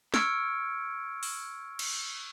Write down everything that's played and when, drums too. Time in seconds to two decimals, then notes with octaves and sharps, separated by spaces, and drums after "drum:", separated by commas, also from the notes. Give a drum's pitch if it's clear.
0.14 C#6 E6 F6 G#6 C#7 D7, drum: snare
1.23 drum: open hi-hat
1.79 drum: cymbal